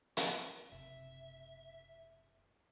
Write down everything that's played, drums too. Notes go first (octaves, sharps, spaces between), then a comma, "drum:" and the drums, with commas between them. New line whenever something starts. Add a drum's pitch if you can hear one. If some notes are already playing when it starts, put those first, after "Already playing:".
drum: hi-hat
F#1 C3 E5